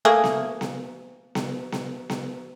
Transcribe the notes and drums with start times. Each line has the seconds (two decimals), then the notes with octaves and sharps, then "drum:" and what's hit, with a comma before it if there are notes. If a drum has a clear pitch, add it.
0.05 A3 A#3 G#4
0.24 drum: snare B3
0.61 drum: snare B3
1.35 drum: snare B3
1.72 drum: snare B3
2.10 drum: snare B3